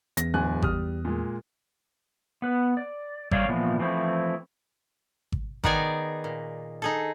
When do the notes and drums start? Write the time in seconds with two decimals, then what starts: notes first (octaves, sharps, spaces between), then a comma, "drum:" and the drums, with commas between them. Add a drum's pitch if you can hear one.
0.17 E2 A#6, drum: hi-hat
0.34 D1 G#5 F#6
0.62 G3 D#6 F6, drum: kick G#1
1.05 A#2 G#3
2.42 B3 B4
2.77 D5
3.31 G3 C#5 D5 F5, drum: kick G#1
3.48 A#2 E3 F3 B3
3.80 E3 F3 A3 C4 E4
5.32 drum: kick G#1
5.64 D#3 B3 D#4 G#4 D5 G#5, drum: kick G#1
6.24 A#2
6.82 D#4 G#4 A4